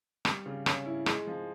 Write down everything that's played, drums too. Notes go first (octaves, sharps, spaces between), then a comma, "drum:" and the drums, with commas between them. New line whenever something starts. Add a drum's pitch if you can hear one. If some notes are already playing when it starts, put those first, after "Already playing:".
G3, drum: rim click
C#3
C#4, drum: rim click
E4
G#3, drum: rim click
F3